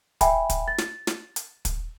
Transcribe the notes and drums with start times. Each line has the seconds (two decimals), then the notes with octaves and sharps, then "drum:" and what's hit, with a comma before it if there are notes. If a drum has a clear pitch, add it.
0.21 E5 G5 G#5 B5, drum: kick, hi-hat
0.50 drum: kick, hi-hat
0.68 A6
0.78 drum: snare
1.07 drum: snare
1.36 drum: hi-hat
1.65 drum: kick, hi-hat